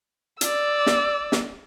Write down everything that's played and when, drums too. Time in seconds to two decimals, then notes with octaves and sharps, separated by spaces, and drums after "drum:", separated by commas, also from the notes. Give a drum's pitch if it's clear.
0.41 D5 E6, drum: hi-hat
0.87 drum: snare
1.32 drum: snare